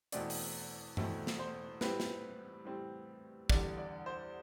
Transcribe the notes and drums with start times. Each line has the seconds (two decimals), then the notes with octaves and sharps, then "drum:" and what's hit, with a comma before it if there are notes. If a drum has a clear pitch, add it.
0.12 E2 B2 A3 C4 D5, drum: hi-hat
0.30 drum: open hi-hat
0.97 E2 B2 A3 C4, drum: tom G2
1.27 drum: snare
1.39 C5
1.81 A2 G3 C4 B4, drum: snare
2.00 drum: snare
2.65 A2 G3 C4
3.50 E2 D3 G3 D4 D5, drum: kick
3.78 D5
4.06 C5